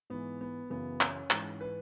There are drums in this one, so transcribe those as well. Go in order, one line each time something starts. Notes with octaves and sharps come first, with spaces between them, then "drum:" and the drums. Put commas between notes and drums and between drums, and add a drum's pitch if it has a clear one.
G#2 E3 B3
B3
F#2 C#3 E3 B3
C#4, drum: clap
G#2 E3, drum: clap
B4